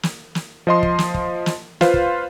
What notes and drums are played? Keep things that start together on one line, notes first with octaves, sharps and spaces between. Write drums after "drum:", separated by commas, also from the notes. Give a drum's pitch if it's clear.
drum: snare
drum: snare
F3 D#5 C6
drum: kick
drum: snare
drum: kick
drum: snare
F4 B4 C5 F5, drum: snare
drum: kick